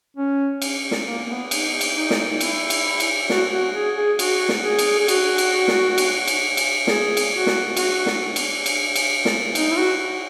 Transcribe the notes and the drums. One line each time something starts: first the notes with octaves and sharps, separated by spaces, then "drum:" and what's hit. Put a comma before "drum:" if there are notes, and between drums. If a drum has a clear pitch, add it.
C#4
drum: cymbal
drum: snare
A#3
B3
D#4, drum: cymbal
drum: cymbal
D#4
drum: snare
E4, drum: cymbal
drum: cymbal
drum: cymbal
F#4, drum: snare
F#4
G#4
G#4
F#4, drum: cymbal
drum: snare
G#4
drum: cymbal
G#4
F#4, drum: cymbal
drum: cymbal
drum: snare
drum: cymbal
drum: cymbal
drum: cymbal
G#4, drum: snare
drum: cymbal
F#4
drum: snare
F#4, drum: cymbal
drum: snare
drum: cymbal
drum: cymbal
drum: cymbal
drum: snare
D#4, drum: cymbal
E4
F#4